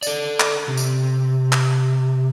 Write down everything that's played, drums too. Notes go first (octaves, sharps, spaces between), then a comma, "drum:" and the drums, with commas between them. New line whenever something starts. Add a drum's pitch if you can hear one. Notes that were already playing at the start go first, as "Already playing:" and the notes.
A4 D5, drum: tambourine
drum: clap
C3
drum: tambourine
drum: clap